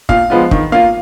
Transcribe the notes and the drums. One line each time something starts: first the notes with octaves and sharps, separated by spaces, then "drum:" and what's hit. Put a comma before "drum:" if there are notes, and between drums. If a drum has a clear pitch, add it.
A#2 F5, drum: kick
F3 G#3 B3 F4
D#3, drum: kick
A#3 F4 F5